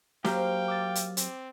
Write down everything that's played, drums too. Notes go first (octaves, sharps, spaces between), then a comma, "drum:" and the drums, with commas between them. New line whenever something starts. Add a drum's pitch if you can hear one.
F#3 A#3 G4 C5 F5 G5 A#5, drum: snare
D6 E6 A6
drum: hi-hat
C4, drum: hi-hat